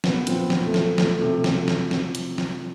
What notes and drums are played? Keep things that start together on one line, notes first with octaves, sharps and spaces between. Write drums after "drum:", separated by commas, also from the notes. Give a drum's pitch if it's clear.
A#2 B3, drum: snare
F3 C4, drum: hi-hat
B3
F3, drum: snare
A3
F3, drum: snare
F3 A3, drum: snare
C3 A3
F3 A3, drum: snare
drum: snare
drum: snare
drum: hi-hat
drum: snare